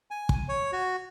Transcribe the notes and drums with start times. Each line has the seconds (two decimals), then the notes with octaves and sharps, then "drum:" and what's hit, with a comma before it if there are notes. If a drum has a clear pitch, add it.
0.11 G#5
0.29 drum: kick
0.49 C#5
0.72 F#4